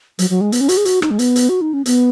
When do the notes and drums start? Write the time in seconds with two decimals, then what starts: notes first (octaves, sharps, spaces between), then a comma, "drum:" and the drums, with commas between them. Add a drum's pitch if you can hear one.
0.19 F#3, drum: hi-hat
0.30 F#3
0.41 G#3
0.52 B3, drum: hi-hat
0.61 C#4
0.69 F#4, drum: hi-hat
0.77 G#4
0.85 F#4, drum: hi-hat
1.02 D#4, drum: rim click
1.11 G#3
1.19 B3, drum: hi-hat
1.36 drum: hi-hat
1.49 F#4
1.61 D#4
1.74 C#4
1.86 B3, drum: hi-hat